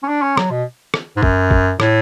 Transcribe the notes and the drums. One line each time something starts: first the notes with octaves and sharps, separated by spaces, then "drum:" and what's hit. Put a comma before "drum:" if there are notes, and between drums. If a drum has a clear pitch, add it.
C#4
D4
C#4
F#3, drum: rim click
B2
drum: rim click
G#2
F#2, drum: kick
drum: kick
A2, drum: rim click